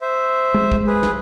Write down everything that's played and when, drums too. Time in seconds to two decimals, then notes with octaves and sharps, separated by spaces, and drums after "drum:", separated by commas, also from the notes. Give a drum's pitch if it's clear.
0.01 C5 E5
0.54 G#3
0.72 drum: kick
0.87 G#4 B4
1.03 drum: snare